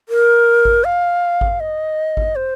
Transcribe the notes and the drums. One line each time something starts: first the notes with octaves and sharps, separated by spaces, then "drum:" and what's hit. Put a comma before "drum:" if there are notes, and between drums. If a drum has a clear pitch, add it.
A#4
drum: kick G#1
F5
drum: kick G#1
D#5
drum: kick G#1
C5